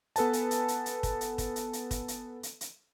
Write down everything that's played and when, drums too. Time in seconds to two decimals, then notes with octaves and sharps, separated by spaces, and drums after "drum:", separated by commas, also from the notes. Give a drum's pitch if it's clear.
0.16 B3 A4 B4 G#5 A5, drum: hi-hat
0.33 drum: hi-hat
0.51 drum: hi-hat
0.68 drum: hi-hat
0.86 drum: hi-hat
1.03 drum: kick, hi-hat
1.21 drum: hi-hat
1.38 drum: kick, hi-hat
1.56 drum: hi-hat
1.73 drum: hi-hat
1.91 drum: kick, hi-hat
2.08 drum: hi-hat
2.43 drum: hi-hat
2.61 drum: hi-hat